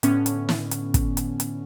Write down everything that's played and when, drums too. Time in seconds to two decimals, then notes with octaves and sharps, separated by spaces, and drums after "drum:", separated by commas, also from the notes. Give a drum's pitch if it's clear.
0.03 A2 D3 B3 C#4, drum: hi-hat
0.26 drum: hi-hat
0.49 drum: snare
0.71 drum: hi-hat
0.94 drum: kick, hi-hat
1.17 drum: hi-hat
1.40 drum: hi-hat